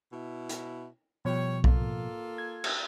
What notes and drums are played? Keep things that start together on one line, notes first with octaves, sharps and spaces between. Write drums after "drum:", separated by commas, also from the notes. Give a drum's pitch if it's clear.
B2 E4
drum: hi-hat
B2 F3 G3 C#5
A#3 F4 A4, drum: kick B1
G#6
drum: cymbal